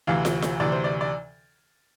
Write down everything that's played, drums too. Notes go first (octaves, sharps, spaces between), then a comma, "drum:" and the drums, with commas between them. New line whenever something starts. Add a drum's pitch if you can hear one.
D2 C3 E3 F5
drum: snare
drum: snare
D2 C3 E3 D5
C5
D5
D5